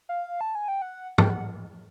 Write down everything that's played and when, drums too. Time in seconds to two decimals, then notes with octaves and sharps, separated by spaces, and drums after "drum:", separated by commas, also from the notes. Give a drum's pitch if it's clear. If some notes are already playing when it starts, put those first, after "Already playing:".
0.09 F5
0.41 A5
0.55 G#5
0.68 G5
0.82 F#5
1.18 G5, drum: tom
1.30 F#5